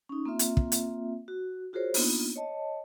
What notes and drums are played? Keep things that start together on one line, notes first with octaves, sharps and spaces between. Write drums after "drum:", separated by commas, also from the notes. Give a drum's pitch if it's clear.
C#4 D#4
A#3 C4 F4 E5
drum: hi-hat
drum: kick
drum: hi-hat
F#4
F4 F#4 G#4 A#4 C5 C#5
A#3 B3 D4 D#4 F4, drum: open hi-hat
C#5 D#5 A5